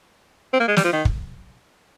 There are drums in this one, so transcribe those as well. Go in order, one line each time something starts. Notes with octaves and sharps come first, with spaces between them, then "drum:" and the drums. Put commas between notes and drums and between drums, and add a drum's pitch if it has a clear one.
C4
A#3
G#3
G3, drum: snare
F3
D#3
drum: kick